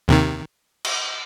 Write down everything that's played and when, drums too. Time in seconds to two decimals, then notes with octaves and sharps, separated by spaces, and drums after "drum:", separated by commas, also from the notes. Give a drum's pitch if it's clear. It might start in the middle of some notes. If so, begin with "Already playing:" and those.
0.08 D#2 C3 D#3
0.85 drum: cymbal